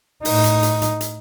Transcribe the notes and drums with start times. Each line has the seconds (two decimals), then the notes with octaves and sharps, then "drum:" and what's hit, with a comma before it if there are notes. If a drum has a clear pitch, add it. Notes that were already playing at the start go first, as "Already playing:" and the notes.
0.25 A2 D#4, drum: open hi-hat
0.44 drum: hi-hat
0.63 drum: hi-hat
0.82 drum: hi-hat
1.01 drum: hi-hat